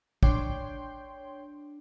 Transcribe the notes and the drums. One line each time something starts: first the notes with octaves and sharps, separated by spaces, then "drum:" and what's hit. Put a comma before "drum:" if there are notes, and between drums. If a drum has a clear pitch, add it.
D4 C#5 G5 C6, drum: kick